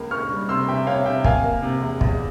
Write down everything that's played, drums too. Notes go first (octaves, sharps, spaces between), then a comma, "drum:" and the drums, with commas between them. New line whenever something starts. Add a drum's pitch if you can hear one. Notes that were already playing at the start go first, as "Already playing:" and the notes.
Already playing: C#2 A#3
A#3 C#6 F6
G3
C3 C6 E6
C3 E5 G5
C3 C#5 F5
C3 E5 G5
A#3 F5 G#5, drum: kick
A#3
C3
E2
E2, drum: kick